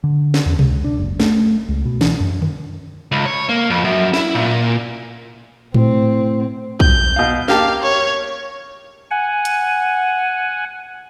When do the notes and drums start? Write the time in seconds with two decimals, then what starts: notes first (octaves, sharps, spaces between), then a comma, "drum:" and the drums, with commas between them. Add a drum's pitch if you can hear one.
0.04 D3
0.34 drum: snare
0.46 E2
0.59 C#2, drum: tom B2
0.84 D4
0.98 F#1
1.20 A3, drum: snare
1.69 C#2
1.85 B2
2.01 E3, drum: snare
2.20 F#2
2.42 drum: tom D3
3.12 C#2
3.26 C#5
3.49 A#3
3.70 F2
3.84 F#2
4.14 E4, drum: snare
4.35 A#2
5.74 A2 C4, drum: tom A2
6.80 G6, drum: kick
7.16 B2 F5
7.48 A#3 G4 F5 A5, drum: snare
7.82 C#5
9.11 F#5 G#5
9.45 drum: hi-hat